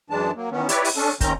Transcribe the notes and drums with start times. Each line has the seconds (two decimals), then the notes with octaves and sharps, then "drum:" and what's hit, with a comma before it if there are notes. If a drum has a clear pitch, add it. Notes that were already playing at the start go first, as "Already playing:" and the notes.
0.10 F#2 E3 G#3 D4 A5
0.35 F#3 A#3
0.51 D#3 E3 B3 C#4
0.69 E4 G4 B4 C#5 D5 E5, drum: hi-hat
0.84 drum: open hi-hat
0.96 C#4 D4 A4
1.21 D#2 D#3 C4 C#4 A#5 G6, drum: kick, hi-hat